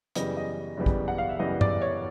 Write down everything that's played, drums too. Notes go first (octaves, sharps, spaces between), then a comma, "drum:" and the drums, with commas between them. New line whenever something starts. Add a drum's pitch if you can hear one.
F#2 C#3 E3 G3 B3 D#5, drum: hi-hat
D#5
F#2 C#3 E3 G3 B3
drum: kick
F#5
F5
E5
F#2 C#3 E3 G3 B3 D#5
D5, drum: tom G2
C#5